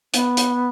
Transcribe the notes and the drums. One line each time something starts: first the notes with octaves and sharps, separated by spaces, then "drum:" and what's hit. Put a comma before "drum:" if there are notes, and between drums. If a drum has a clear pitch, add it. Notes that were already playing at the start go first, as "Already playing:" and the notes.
B3, drum: hi-hat
drum: hi-hat